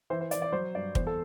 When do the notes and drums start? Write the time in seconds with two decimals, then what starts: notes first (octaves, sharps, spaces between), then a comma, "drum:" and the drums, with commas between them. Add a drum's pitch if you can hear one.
0.10 E3 C5
0.21 C5
0.31 E3 D5, drum: hi-hat
0.42 D5
0.52 F#3 C5
0.75 G2 D5
0.95 E2 C5, drum: kick
1.07 A4